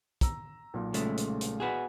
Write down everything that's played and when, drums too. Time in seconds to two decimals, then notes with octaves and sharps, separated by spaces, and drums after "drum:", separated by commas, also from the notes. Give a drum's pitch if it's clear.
0.21 A#5 E6, drum: kick, hi-hat
0.74 B1 A#2
0.94 C#3 G#3 A3, drum: hi-hat
1.17 drum: hi-hat
1.41 drum: hi-hat
1.60 B3 F#4 G#4